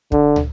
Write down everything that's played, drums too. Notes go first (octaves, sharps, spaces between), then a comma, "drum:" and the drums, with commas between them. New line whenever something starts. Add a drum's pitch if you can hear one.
D3, drum: kick
drum: tom